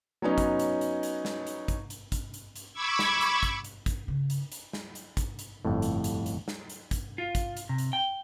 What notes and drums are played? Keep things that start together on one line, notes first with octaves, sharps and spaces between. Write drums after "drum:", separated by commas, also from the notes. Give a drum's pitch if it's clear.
F#3 B3 C#4 D#4
drum: kick, hi-hat
drum: hi-hat
drum: hi-hat
drum: hi-hat
drum: snare
drum: hi-hat
drum: kick, hi-hat
drum: hi-hat
drum: kick, hi-hat
drum: hi-hat
drum: hi-hat
B5 C#6 D6 E6 G#6
drum: snare
drum: hi-hat
drum: kick, hi-hat
drum: hi-hat
drum: kick, hi-hat
C#3
drum: hi-hat
drum: hi-hat
drum: snare
drum: hi-hat
drum: kick, hi-hat
drum: hi-hat
G1 F2 A2
drum: hi-hat
drum: hi-hat
drum: hi-hat
drum: snare
drum: hi-hat
drum: kick, hi-hat
F4
drum: kick, hi-hat
drum: hi-hat
C3
drum: hi-hat
G5